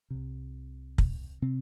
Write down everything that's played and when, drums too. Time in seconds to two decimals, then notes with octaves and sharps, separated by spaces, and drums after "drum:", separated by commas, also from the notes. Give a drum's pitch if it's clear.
0.10 C2 C3
0.98 drum: kick
1.42 C3 C4